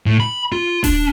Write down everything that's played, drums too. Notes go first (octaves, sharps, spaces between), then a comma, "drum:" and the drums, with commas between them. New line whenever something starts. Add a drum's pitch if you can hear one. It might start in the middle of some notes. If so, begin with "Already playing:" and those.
A2
B5
F4
D4, drum: kick D#1, open hi-hat